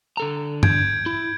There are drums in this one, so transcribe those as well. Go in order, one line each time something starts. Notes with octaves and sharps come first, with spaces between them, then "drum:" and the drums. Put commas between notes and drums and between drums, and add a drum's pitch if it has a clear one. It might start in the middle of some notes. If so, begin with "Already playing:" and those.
D3 A4 A#5
G6 G#6 D7, drum: tom G2
E4